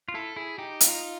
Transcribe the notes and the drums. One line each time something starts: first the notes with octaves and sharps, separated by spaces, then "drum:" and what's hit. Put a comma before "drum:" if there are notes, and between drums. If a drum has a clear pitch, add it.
F4
E4 A4
E4 G#4
D#4 G4
F4, drum: hi-hat